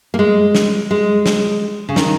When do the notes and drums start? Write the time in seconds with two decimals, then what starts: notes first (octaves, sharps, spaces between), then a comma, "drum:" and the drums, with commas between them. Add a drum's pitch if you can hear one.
0.14 A#3
0.19 G#3
0.55 drum: snare
0.91 G#3
1.26 drum: snare
1.89 C#3
1.96 D#3, drum: snare